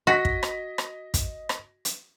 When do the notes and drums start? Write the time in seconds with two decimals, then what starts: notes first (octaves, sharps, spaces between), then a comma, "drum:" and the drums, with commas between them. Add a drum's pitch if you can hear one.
0.07 F#4 D#5 A#6 B6
0.25 drum: kick
0.43 drum: rim click
0.78 drum: rim click
1.14 drum: kick, hi-hat
1.49 drum: rim click
1.85 drum: hi-hat